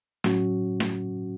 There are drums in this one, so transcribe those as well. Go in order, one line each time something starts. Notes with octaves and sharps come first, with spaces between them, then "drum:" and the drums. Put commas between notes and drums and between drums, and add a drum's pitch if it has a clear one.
A2 F#3 C#4 F#4, drum: snare
drum: snare